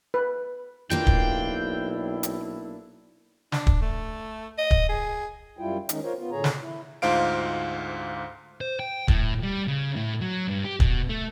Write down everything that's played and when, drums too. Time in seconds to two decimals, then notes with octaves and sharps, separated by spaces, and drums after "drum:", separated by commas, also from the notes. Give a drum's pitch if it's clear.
0.14 B4
0.90 B1 A#3 D4 E4 F4 G5
1.07 drum: kick
2.23 drum: hi-hat
3.52 D4, drum: snare
3.67 drum: kick
3.82 A3
4.58 D#5
4.71 drum: kick
4.89 G#4
5.59 F#2 G3 E4 F4 G5
5.89 D#3 G#3 C#4 D#4, drum: hi-hat
6.03 F4 A#4 C5 C#5
6.17 B3 F4
6.32 A2 D3 G#4 C#5 A#5
6.44 drum: snare
6.60 E4
7.02 D2 G#2 F4 C5 F5 D7
8.61 C5
8.79 G5
9.08 A2, drum: kick
9.43 G3
9.67 C#3
9.96 A2
10.21 F#3
10.48 G2
10.65 G4
10.80 B2, drum: kick
11.09 A3